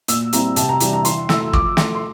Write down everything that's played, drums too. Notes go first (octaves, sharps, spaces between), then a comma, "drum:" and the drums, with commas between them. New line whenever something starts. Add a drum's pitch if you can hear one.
A#2 E6, drum: hi-hat
G3 C4 E4 A#5, drum: hi-hat
C3 A5, drum: hi-hat
A#5
E3 G3 D4, drum: hi-hat
A#5
E3 C6, drum: hi-hat
A3 E4 E6, drum: snare
F3 D6, drum: kick
A3 E4 C6, drum: snare
C6